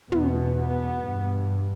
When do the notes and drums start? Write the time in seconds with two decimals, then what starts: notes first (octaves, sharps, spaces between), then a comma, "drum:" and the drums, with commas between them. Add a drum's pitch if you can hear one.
0.12 E2 B2 B3, drum: tom
0.59 B3
1.04 G2